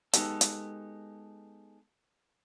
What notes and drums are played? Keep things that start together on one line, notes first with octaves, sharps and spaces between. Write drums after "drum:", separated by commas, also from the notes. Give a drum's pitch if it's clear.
G#3 B3 D#4 G4 A4, drum: hi-hat
drum: hi-hat